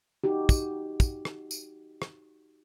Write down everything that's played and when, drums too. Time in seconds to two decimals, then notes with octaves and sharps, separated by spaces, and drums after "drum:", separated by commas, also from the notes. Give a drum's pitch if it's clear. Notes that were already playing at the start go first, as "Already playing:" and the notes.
0.24 D#4 F#4 G4
0.49 drum: kick, tambourine
1.00 drum: kick, tambourine
1.25 drum: rim click
1.51 drum: tambourine
2.02 drum: rim click